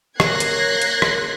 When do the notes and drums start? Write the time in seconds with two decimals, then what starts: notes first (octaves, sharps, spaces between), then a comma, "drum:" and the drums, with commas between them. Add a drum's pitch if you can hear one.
0.20 A#3 C#5 F#6 G#6 A#6 C7, drum: rim click
0.40 drum: hi-hat
0.82 drum: hi-hat
1.02 drum: rim click